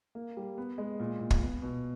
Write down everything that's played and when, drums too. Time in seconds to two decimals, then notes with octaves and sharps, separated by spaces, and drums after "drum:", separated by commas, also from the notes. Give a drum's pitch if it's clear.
0.15 A#3
0.37 G3
0.58 B3
0.78 G#3
1.00 A#2
1.20 A#2
1.31 drum: kick
1.42 B3
1.62 B2